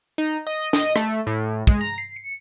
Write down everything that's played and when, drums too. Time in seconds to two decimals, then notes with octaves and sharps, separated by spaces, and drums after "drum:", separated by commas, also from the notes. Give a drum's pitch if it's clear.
0.18 D#4
0.47 D#5
0.73 D#5, drum: snare
0.96 A3, drum: rim click
1.27 A2
1.67 G#3, drum: kick
1.81 A#5
1.98 C7
2.16 C#7